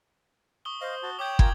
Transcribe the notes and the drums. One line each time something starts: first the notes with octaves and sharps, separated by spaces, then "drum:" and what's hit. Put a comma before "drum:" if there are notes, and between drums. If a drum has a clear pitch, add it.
C#6 D#6 G7
C5 D#5 F5
F#4 A5
C#5 G5 D6 D#6 G6
F4 A#4 G#5 G#6, drum: kick